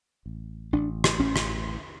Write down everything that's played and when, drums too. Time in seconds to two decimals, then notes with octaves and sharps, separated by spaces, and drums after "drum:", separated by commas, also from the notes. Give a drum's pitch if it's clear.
0.26 A1
0.73 A1 D4
1.04 drum: rim click
1.20 A1 C#4
1.36 drum: rim click